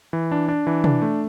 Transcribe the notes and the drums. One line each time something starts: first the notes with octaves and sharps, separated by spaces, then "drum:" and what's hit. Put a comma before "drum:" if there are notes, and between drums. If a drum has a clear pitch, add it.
E3
D4
D4
E3
D4, drum: tom
A3